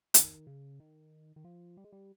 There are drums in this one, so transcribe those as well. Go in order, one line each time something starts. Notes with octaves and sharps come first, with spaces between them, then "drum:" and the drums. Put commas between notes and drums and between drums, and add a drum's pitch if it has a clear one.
D#3, drum: hi-hat
C#3
D#3
D#3
F3
G3
G#3
G3